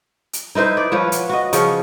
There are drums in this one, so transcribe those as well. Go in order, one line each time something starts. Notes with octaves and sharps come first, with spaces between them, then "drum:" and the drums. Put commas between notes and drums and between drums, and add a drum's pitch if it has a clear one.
drum: hi-hat
D#4 E4 B4 C5
D5
F3 B4 C#5
F#5, drum: hi-hat
F#4 D#5
C#3 F3 C#4, drum: hi-hat